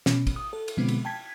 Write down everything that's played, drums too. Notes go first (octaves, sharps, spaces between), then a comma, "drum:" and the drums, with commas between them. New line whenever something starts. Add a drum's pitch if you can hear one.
B2 C#4, drum: snare
drum: kick, cymbal
D#6
A4
drum: cymbal
B2 D3 F3 G#3 B3 C4
drum: cymbal
G5 A5 G#6 B6